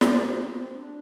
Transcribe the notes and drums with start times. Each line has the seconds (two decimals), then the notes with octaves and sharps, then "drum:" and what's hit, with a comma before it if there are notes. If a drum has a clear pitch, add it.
0.01 C5, drum: snare
0.25 F#4
0.40 C4
0.74 D4